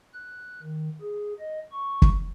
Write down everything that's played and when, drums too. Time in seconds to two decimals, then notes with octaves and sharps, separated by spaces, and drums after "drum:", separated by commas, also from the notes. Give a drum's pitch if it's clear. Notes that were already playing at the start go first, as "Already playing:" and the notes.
0.14 F#6
0.63 D#3
1.01 G#4
1.39 D#5
1.71 C#6
2.02 drum: kick